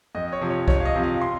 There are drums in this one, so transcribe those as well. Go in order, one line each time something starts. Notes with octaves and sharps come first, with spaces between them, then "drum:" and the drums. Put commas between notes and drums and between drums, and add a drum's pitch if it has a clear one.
F2 D#5
C#5
C3 F3
C#5
F2 C#5, drum: kick C2
F5
D#5
C3 F3
F5
C6